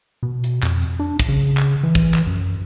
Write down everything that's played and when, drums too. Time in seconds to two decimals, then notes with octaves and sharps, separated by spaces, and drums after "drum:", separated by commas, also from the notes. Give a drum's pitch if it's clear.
0.23 B2
0.44 drum: hi-hat
0.63 F2, drum: clap
0.82 drum: hi-hat
1.00 D4
1.19 drum: kick, hi-hat
1.29 C#3
1.57 drum: clap
1.83 E3
1.95 drum: kick, hi-hat
2.14 drum: clap
2.27 F#2